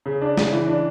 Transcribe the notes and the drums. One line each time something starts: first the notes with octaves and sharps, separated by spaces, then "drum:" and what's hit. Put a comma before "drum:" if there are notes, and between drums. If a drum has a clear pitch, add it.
C#3
D4
C#3, drum: snare
E3
D4